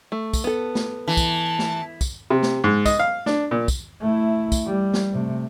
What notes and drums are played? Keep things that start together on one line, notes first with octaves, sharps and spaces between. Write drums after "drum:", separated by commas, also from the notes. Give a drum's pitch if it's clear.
A3
drum: kick, tambourine
B3 A4
drum: snare
E3 A5
drum: kick, tambourine
drum: snare
drum: kick, tambourine
C3
drum: snare
G#2
D#5, drum: kick, tambourine
F5
D4, drum: snare
A#2
drum: kick, tambourine
A3 E4
drum: kick, tambourine
G3
drum: snare
C3 A3